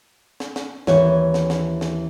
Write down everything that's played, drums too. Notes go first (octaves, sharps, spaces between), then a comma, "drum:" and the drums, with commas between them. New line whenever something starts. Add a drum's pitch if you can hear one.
drum: snare
drum: snare
D#2 E3 C#5, drum: snare
drum: snare
drum: snare
drum: snare